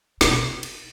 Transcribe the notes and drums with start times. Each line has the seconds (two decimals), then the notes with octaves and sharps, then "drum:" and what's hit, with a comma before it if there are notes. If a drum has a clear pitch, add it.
0.21 B2, drum: snare
0.63 drum: cymbal